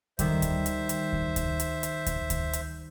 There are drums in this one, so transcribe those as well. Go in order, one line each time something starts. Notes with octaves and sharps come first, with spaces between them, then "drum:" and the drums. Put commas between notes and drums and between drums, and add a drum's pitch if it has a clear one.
D#3 G3 C5 E5, drum: kick D2, hi-hat
drum: kick D2, hi-hat
drum: hi-hat
drum: hi-hat
drum: kick D2
drum: kick D2, hi-hat
drum: hi-hat
drum: hi-hat
drum: kick D2, hi-hat
drum: kick D2, hi-hat
drum: hi-hat